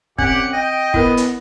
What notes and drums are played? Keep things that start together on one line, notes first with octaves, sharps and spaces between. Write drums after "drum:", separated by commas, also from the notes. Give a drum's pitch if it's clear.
C2 C4 C#4 G4 F#5, drum: kick
D#5 G5
B3 E4 A#4, drum: kick
drum: hi-hat